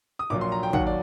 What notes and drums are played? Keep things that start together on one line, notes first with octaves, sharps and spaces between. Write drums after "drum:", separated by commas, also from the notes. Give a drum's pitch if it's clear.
D#6
A#1 A#2 F#3 D6
C6
A#5
G5
D#2 D#3 F#3 F#5, drum: kick
D5